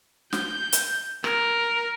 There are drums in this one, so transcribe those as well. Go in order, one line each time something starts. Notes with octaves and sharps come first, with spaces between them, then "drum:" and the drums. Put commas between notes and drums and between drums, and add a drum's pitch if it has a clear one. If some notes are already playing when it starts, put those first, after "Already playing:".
G6, drum: snare
drum: hi-hat
A#4, drum: rim click